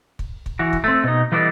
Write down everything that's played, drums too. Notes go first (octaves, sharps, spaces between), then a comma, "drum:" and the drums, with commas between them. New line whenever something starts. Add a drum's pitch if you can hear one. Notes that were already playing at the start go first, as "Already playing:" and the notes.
drum: kick
drum: kick
E3 F#4
drum: kick
A3 C4
B2 D#4
E3 G3 B3 D4 A4 D#5